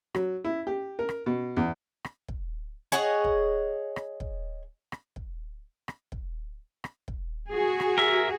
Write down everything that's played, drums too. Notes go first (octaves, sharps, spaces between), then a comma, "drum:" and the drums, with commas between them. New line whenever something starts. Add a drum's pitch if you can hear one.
F#3, drum: rim click
E4
G4
A#4
drum: rim click
B2
E2
drum: rim click
drum: kick
G#4 C#5 D#5 F#5
drum: kick
drum: rim click
drum: kick
drum: rim click
drum: kick
drum: rim click
drum: kick
drum: rim click
drum: kick
F#4 G#4
drum: rim click
A#4 E5